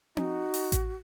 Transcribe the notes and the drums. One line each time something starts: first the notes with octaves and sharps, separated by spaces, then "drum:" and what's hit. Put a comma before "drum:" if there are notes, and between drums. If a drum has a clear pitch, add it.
D#4 F#4, drum: tom C4
drum: open hi-hat
drum: kick A1, hi-hat